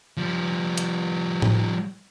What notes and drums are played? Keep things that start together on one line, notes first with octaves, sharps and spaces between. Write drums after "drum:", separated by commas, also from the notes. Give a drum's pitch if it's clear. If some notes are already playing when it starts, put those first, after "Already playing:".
F3 G3
drum: hi-hat
drum: tom A2